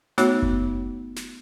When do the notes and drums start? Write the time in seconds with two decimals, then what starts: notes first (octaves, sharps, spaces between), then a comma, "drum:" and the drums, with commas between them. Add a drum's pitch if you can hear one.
0.18 A3 B3 D#4 F#4 C#5, drum: snare
0.42 drum: kick F#1
1.16 drum: snare